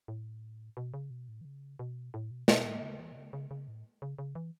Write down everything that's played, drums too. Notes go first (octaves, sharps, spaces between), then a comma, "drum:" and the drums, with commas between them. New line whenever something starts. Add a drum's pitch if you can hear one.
A2
B2
C#3
B2
A2
E3
C#3
B2
A2
B2
B2, drum: snare
A2
C#3
E3
B2
C#3
C#3
C#3
A2
C#3
C#3
E3